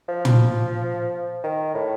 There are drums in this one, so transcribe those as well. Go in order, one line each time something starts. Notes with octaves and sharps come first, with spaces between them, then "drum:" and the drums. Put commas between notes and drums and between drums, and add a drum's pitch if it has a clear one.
F3
drum: tom
D#3
A2